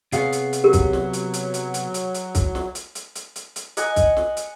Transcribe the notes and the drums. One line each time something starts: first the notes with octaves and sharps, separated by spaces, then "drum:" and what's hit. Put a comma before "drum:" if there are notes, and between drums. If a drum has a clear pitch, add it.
C3 B3 G#4 C#5 F5, drum: hi-hat
drum: hi-hat
drum: hi-hat
F#3 G4 A#4
drum: kick C2, hi-hat
drum: snare
drum: hi-hat
drum: hi-hat
drum: hi-hat
drum: hi-hat
drum: hi-hat
drum: hi-hat
drum: kick C2, hi-hat
drum: snare
drum: hi-hat
drum: hi-hat
drum: hi-hat
drum: hi-hat
drum: hi-hat
D#5 F#5 G#5 D#6, drum: hi-hat
drum: kick C2, hi-hat
drum: snare
drum: hi-hat